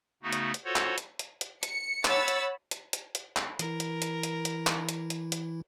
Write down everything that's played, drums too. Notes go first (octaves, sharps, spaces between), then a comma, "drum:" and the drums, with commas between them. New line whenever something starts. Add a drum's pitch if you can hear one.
C#3 A3 B3 D#4 F#4
drum: hi-hat
drum: hi-hat
F4 F#4 A4 C5 C#5 F#5
drum: clap
drum: hi-hat
drum: hi-hat
drum: hi-hat
C#7, drum: hi-hat
C#5 F#5 B5 E6 A6, drum: clap
drum: hi-hat
drum: hi-hat
drum: hi-hat
drum: hi-hat
drum: clap
E3 E4 A#4, drum: hi-hat
drum: hi-hat
drum: hi-hat
drum: hi-hat
drum: hi-hat
drum: clap
drum: hi-hat
drum: hi-hat
drum: hi-hat